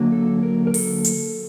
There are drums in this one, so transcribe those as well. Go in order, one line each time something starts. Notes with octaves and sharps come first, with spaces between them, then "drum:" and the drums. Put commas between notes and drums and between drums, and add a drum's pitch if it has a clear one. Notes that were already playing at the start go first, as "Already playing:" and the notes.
Already playing: D3 F#3 A#3
A4
A#4
A#4
A4, drum: open hi-hat
drum: hi-hat